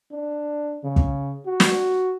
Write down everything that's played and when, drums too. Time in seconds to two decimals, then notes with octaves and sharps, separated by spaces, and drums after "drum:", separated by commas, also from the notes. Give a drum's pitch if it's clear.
0.12 D4
0.84 C#3
0.96 drum: kick
1.46 F#4
1.60 drum: snare